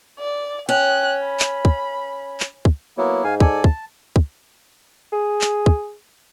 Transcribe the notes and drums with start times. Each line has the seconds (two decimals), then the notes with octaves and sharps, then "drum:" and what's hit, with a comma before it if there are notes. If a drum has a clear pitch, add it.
0.20 D5
0.69 C#4 G5 F#6
1.23 B5
1.40 drum: clap
1.65 drum: kick
2.40 drum: clap
2.65 drum: kick
2.98 F#3 A#3 B3 E4
3.24 G#2 F5 G#5
3.40 A4 D5 G#5, drum: kick
3.64 A5, drum: kick
4.16 drum: kick
5.13 G#4
5.41 drum: clap
5.66 drum: kick